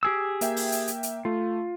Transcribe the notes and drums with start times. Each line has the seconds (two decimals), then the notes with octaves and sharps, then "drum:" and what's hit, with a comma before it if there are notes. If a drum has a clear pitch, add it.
0.03 G4 G#4 E6
0.41 A#3 E5 G5, drum: hi-hat
0.57 drum: open hi-hat
0.72 drum: hi-hat
0.87 drum: hi-hat
1.03 drum: hi-hat
1.25 A3 F4